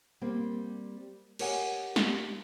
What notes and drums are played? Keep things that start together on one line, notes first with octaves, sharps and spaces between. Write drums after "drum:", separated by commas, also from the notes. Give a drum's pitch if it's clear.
G3 A#3 C4
G4 A#4 C#5 D#5 F#5 G#5, drum: cymbal
drum: snare